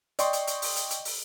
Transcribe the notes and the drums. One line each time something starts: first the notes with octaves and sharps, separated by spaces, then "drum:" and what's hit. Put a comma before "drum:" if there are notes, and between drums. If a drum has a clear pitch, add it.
D5 D#5 G5 C6 C#6, drum: hi-hat
drum: hi-hat
drum: hi-hat
drum: open hi-hat
drum: hi-hat
drum: hi-hat
drum: open hi-hat